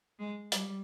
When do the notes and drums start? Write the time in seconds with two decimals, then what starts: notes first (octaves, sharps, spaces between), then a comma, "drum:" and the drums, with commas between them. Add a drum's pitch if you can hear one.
0.19 G#3
0.52 G3, drum: hi-hat